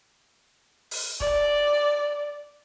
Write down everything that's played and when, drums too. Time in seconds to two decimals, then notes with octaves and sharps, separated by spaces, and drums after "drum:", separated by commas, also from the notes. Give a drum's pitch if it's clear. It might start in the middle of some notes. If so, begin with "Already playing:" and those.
0.91 drum: open hi-hat
1.20 D5, drum: kick